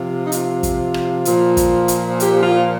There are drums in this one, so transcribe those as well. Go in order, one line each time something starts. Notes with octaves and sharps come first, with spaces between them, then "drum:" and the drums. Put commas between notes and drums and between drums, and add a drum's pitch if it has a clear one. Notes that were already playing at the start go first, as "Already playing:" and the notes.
Already playing: C3 F3 F4
D#4
F4, drum: hi-hat
drum: kick, hi-hat
drum: rim click
A#2 F3, drum: hi-hat
drum: kick, hi-hat
drum: hi-hat
G4, drum: hi-hat
F4